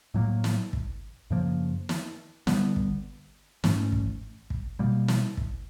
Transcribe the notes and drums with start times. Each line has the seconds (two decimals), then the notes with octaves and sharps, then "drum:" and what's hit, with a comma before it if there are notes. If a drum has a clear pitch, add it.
0.14 A2 F#3 A#3
0.44 drum: snare
0.73 drum: kick
1.30 F#2 C#3 F3 A#3
1.89 drum: snare
2.47 D3 G3 B3, drum: snare
2.76 drum: kick
3.64 G#2 E3 A3 C#4, drum: snare
3.92 drum: kick
4.50 drum: kick
4.79 B2 G3 A#3
5.08 drum: snare
5.37 drum: kick